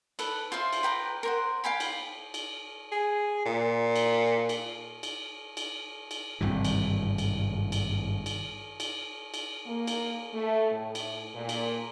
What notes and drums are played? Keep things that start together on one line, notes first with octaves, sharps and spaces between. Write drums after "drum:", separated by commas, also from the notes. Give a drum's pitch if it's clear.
A4 B4, drum: cymbal
F4 C5 E5 F5
drum: cymbal
B4 G5 A#5 D6
A#4 C5 F#5
F5 G5 G#5 B5
drum: cymbal
drum: cymbal
G#4
A#2
drum: cymbal
drum: cymbal
drum: cymbal
drum: cymbal
drum: cymbal
G#1 G2 C3 E3
drum: cymbal
drum: cymbal
drum: cymbal
drum: cymbal
drum: cymbal
drum: cymbal
A#3
drum: cymbal
A3
A2
drum: cymbal
A#2
drum: cymbal